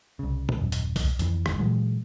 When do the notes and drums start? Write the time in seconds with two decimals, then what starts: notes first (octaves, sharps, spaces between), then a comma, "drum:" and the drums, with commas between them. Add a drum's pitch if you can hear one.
0.19 C2 C#3
0.49 drum: tom
0.61 D#1 F#2
0.72 drum: hi-hat
0.96 drum: kick C2, open hi-hat
1.19 F2 D#3 E3, drum: hi-hat
1.46 G1 D#2 G#2, drum: rim click
1.59 A#2 E3 F#3 G#3